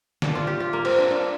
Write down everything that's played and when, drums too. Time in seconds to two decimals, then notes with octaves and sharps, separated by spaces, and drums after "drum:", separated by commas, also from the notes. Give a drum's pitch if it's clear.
0.22 D4, drum: snare
0.35 F4
0.47 G4
0.60 F4
0.73 A#3
0.85 C4, drum: cymbal
0.99 D4
1.11 D4